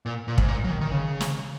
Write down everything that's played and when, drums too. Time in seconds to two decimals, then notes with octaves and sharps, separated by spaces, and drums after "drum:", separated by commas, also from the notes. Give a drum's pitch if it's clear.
0.06 A#2
0.28 A#2
0.38 G#2, drum: kick
0.48 A#2
0.64 F#3
0.70 D#3
0.81 D#3
0.91 C#3
1.21 drum: snare